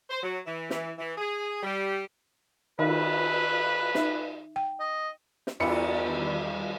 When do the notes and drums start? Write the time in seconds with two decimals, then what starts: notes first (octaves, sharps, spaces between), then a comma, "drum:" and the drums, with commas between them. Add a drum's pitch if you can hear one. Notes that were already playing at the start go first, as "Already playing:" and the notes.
0.10 C5
0.22 F#3
0.46 E3
0.70 E3, drum: snare
0.98 E3
1.17 G#4
1.63 G3
2.79 D#3 D#4 B4, drum: cymbal
3.95 D#4 E5, drum: snare
4.56 G5
4.80 D#5
5.47 drum: snare
5.60 E2 G2 B3 E4 F4 A#4 B5 C#7, drum: cymbal
6.02 D#3 G3